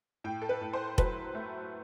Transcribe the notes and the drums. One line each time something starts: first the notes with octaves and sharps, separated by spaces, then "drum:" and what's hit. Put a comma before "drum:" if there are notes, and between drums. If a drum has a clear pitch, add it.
A2 G5
A4
B4
A2
C5
F#3 B4, drum: kick F1
A3